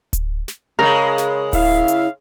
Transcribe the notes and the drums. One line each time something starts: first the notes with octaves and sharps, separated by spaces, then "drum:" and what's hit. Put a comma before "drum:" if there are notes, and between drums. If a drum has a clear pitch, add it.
drum: kick D1, hi-hat
drum: snare
C#3 G#3 A#4
drum: snare
E4 E5 F5, drum: kick D1, open hi-hat
drum: hi-hat